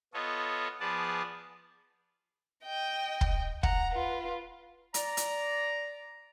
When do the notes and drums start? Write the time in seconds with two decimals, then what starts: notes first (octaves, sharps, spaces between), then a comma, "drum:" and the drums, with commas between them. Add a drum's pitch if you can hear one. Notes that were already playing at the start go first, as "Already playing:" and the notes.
0.14 B3 F4 A4 C#5 D#5
0.80 F3 B3 G#4 B4 D5 A5
2.64 D#5 G5
3.21 drum: kick
3.63 F#5 A#5, drum: kick
3.93 F4 B4
4.94 D5 A#5, drum: hi-hat
5.17 drum: hi-hat